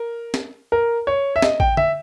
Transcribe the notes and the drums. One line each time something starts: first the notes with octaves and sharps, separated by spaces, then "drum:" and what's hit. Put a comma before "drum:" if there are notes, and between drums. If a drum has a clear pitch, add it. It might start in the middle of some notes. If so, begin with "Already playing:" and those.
Already playing: A#4
drum: snare
A#4
C#5
E5
D#5, drum: snare
G5, drum: kick A1
E5, drum: tom D3